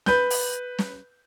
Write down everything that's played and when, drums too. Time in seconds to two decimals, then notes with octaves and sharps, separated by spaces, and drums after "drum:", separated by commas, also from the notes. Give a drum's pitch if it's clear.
0.06 B4 G6, drum: snare
0.30 drum: open hi-hat
0.79 drum: snare